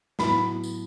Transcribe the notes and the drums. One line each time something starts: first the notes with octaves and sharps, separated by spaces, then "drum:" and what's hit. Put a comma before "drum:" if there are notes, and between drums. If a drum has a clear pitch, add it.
A2 F#3 B3 B5, drum: snare
drum: tambourine